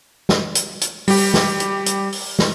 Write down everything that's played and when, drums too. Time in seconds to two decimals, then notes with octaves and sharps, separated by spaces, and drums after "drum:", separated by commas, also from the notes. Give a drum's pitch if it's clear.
0.29 drum: snare
0.55 drum: hi-hat
0.81 drum: hi-hat
1.08 G3 G4, drum: open hi-hat
1.34 drum: snare
1.60 drum: hi-hat
1.86 drum: hi-hat
2.12 drum: open hi-hat
2.39 drum: snare